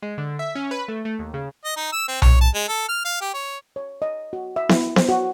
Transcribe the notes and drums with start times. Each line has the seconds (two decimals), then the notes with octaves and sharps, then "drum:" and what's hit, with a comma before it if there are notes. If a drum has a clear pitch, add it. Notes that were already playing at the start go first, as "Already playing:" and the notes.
0.02 G#3
0.18 D3
0.39 E5
0.55 C#4
0.71 B4
0.88 A3
1.05 A3
1.19 D#2
1.34 C#3
1.65 D#5
1.77 D#4
1.92 E6
2.08 C4
2.22 C#5, drum: tom B1
2.41 A5
2.54 G#3
2.68 A4
2.89 F6
3.05 F5
3.21 G4
3.34 C#5
3.76 C#5
4.02 D#5
4.33 F#4
4.56 E5
4.69 E4, drum: snare B3
4.96 C5, drum: snare B3
5.09 F#4